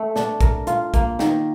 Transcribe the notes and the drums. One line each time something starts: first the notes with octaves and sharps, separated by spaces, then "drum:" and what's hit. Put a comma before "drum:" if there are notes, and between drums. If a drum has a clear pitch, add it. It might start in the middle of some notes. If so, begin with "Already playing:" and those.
Already playing: A3 C4
D4, drum: snare
A#4, drum: kick, hi-hat
F4, drum: hi-hat
A#3, drum: kick, hi-hat
D#3, drum: snare